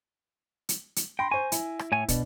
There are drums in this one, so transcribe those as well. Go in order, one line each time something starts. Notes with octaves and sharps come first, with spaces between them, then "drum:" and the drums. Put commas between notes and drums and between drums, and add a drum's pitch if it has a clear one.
drum: hi-hat
drum: hi-hat
G5 B5 C6 A#6
C5 G#5 C#6
E4, drum: hi-hat
drum: rim click
A2 C#5 G#5
B2 D4, drum: kick, hi-hat